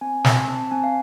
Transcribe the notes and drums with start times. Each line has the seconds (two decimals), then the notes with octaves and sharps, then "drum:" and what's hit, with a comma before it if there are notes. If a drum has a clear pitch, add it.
0.01 C4 G#5
0.24 C4, drum: snare
0.48 C4 A5
0.71 C4 G#5
0.84 F5